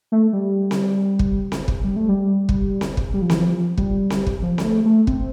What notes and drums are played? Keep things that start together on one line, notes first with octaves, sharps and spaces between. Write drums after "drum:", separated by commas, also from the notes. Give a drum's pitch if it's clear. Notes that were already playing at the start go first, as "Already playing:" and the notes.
A3
G3
drum: snare C4
drum: kick
drum: snare C4
drum: kick
G3
A3
G3
drum: kick
drum: snare C4
drum: kick
G3
F3
E3, drum: snare C4
F3
G3, drum: kick
drum: snare C4
drum: kick
F3
G3, drum: snare C4
A3
A3
C4, drum: kick